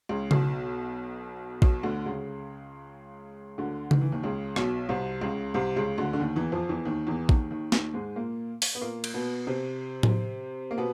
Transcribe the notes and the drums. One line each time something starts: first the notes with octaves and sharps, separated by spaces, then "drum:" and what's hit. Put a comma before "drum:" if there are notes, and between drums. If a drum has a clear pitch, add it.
C#2 C#3
B1 B2, drum: tom C#3
B1 B2, drum: kick A#1
D2 D3
C#2 C#3
D2 D3
D#3, drum: tom C#3
E3
D#2 D#3
C#2 C#3
B1 B2, drum: rim click
C2 C3
C#2 C#3
C2 C3
C#2 C#3
D2 D3
D3
D#2 D#3
E2 E3
F2 F3
E2 E3
D#2 D#3
E2 E3
D#2 D#3, drum: kick A#1
D#2 D#3
D#2 D#3, drum: snare
G#2 G#3
A#2 A#3
drum: open hi-hat
B3
A#2 A#3
drum: cymbal
B2 B3
C3 C4
drum: tom A2
A#3
B2 B3